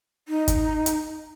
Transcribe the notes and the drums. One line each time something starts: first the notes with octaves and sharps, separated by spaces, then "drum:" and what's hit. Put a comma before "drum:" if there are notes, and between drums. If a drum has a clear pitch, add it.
D#4
drum: kick, hi-hat
drum: hi-hat